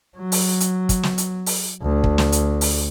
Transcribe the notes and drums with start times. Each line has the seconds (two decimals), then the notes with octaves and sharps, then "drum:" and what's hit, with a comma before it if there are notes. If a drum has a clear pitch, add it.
0.17 F#3
0.32 drum: open hi-hat
0.60 drum: hi-hat
0.89 drum: kick, hi-hat
1.03 drum: snare
1.18 drum: hi-hat
1.46 drum: open hi-hat
1.82 D2
2.04 drum: kick
2.18 drum: snare
2.32 drum: hi-hat
2.61 drum: open hi-hat